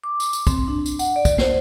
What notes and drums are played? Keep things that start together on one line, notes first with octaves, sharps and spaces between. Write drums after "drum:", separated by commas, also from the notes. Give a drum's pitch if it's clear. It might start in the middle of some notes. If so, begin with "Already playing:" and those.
D6
drum: tambourine
drum: tambourine
C4, drum: kick, tambourine
D4
drum: tambourine
F#5, drum: tambourine
D5
drum: kick, tambourine
C5, drum: snare